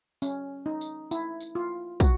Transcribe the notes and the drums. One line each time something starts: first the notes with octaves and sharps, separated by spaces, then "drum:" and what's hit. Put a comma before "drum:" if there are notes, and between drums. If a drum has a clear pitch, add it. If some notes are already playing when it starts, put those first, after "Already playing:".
C#4, drum: tambourine
D#4
drum: tambourine
E4, drum: tambourine
drum: tambourine
F4
F#4, drum: kick, tambourine